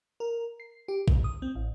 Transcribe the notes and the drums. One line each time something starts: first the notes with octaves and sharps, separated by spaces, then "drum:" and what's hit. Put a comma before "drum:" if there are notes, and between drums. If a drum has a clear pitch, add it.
A#4
C7
G4
E2, drum: kick A#1
D#6
C4
A1